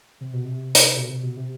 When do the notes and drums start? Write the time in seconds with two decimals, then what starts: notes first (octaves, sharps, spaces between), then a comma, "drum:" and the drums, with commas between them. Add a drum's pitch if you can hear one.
0.21 C3
0.33 B2
0.44 C3
0.75 drum: hi-hat
0.96 B2
1.10 C3
1.23 B2
1.37 C3